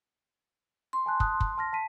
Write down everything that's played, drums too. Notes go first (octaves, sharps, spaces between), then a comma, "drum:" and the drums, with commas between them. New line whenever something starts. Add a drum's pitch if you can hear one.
C6
G#5 A5 F#6
A5 D#6 F#6, drum: kick
drum: kick
A5 F6 A#6
A5 B6 D#7